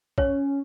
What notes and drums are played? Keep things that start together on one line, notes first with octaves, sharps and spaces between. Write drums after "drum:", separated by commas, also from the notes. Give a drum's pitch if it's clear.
C#4 C#5, drum: kick